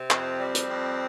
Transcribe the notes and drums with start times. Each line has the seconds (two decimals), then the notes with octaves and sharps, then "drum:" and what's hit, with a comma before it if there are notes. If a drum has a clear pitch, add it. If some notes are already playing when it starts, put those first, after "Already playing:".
Already playing: C3
0.11 F2 C4, drum: clap
0.40 G3
0.55 drum: hi-hat
0.69 F2